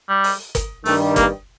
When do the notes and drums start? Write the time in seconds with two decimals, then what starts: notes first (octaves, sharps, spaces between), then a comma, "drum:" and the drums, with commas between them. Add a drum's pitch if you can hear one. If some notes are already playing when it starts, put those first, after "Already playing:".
0.09 G3
0.24 drum: open hi-hat
0.55 drum: kick, hi-hat
0.85 G2 D#3 G3 A3, drum: open hi-hat
1.16 A#3, drum: kick, hi-hat